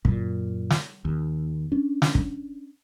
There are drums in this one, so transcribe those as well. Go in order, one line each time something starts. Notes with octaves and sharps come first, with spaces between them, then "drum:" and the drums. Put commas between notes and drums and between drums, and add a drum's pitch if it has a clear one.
F#2 A#2, drum: kick
drum: snare
D#2
C#4 D4
drum: snare
drum: kick